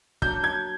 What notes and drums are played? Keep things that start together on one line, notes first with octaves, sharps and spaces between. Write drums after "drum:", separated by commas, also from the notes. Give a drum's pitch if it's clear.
F#3 A#3 D4 F#4 G6, drum: kick
G#6